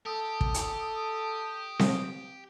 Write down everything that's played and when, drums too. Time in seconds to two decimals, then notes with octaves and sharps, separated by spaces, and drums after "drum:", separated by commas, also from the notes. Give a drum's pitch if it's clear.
0.06 G4 A4 D#6
0.41 drum: kick
0.54 drum: hi-hat
1.79 drum: snare C4